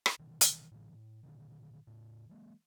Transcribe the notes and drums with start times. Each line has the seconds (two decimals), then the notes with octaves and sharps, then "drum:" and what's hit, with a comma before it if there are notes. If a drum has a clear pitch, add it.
0.06 drum: rim click
0.19 B2 D#3 E3
0.41 drum: hi-hat
0.71 A2 D3 E3
0.92 A2
1.23 A#2 D3 D#3
1.87 A2 C#3
2.29 E3 G#3 A#3